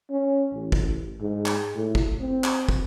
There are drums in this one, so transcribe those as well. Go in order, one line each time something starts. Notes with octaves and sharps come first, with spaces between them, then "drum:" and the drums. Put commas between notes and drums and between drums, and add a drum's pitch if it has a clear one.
C#4
A1
drum: kick
G#2
drum: clap
A2
drum: kick
C4
drum: clap
drum: kick